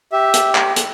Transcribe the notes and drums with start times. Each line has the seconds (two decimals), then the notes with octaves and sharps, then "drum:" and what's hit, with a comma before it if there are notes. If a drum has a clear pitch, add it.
0.12 G4 E5
0.34 drum: hi-hat
0.55 drum: clap
0.76 drum: hi-hat